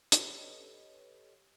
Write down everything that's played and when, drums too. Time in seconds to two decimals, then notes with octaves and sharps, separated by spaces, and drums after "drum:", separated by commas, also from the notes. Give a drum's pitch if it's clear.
0.12 G4 A4 B4 C#5 D#5, drum: hi-hat